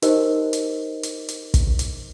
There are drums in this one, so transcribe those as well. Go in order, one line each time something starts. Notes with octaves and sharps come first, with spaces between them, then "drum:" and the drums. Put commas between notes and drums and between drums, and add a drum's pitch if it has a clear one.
D#4 G4 A#4 C5 D#5, drum: hi-hat
drum: hi-hat
drum: hi-hat
drum: hi-hat
drum: kick, hi-hat
drum: hi-hat